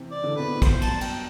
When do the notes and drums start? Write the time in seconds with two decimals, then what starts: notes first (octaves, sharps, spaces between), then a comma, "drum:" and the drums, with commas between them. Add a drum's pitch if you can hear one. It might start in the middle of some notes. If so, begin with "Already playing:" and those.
Already playing: C3 E3
0.11 D5
0.24 D3
0.31 C3
0.36 B2 B4
0.46 A2 C3
0.62 G2 B2 C5, drum: kick, cymbal
0.81 A5, drum: cymbal
0.88 F#2
1.01 G5, drum: cymbal